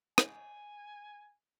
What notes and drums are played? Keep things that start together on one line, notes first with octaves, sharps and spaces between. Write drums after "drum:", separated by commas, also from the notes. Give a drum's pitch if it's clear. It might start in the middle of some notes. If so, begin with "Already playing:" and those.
G#5, drum: rim click